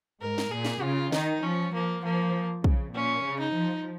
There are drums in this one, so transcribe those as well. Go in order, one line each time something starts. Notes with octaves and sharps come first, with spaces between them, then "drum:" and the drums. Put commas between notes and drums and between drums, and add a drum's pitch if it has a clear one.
G#2 A#4
drum: snare
A#2 G#4
drum: snare
C#3 F4
D#3 D#4, drum: snare
F3 C#4
F3 A#3
F3 A#3
C#3, drum: kick
A#2 C#4
C#3
D#4
F3